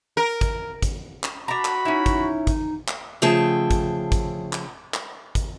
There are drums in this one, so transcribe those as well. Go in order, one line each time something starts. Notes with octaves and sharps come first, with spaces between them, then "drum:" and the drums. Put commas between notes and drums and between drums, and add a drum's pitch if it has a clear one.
A#4
drum: kick, hi-hat
drum: kick, hi-hat
drum: clap
D4 F#4 A#5 B5
drum: clap
C#4 D#4 E4
drum: kick, hi-hat
drum: kick, hi-hat
drum: clap
C#3 F3 A3 G#4 G5 A5
drum: kick, hi-hat
drum: kick, hi-hat
drum: clap
drum: clap
drum: kick, hi-hat